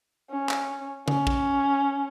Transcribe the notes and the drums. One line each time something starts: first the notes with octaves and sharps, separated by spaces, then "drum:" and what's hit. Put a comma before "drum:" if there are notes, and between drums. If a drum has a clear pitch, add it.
C#4
drum: clap
C#4, drum: tom C#3
drum: kick